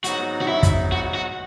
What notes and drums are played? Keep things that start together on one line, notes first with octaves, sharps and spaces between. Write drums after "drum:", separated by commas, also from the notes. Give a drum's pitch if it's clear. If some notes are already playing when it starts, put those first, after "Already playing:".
G#2 F#3 B3 D#4 F#4, drum: hi-hat
F#4
E4
drum: kick, hi-hat
F#4
F#4